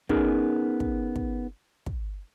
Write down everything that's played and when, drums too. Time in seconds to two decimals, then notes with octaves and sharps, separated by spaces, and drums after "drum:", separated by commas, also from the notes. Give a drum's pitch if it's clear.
0.09 B3 C#4 D#4 G#4 A#4, drum: kick
0.80 drum: kick
1.16 drum: kick
1.86 drum: kick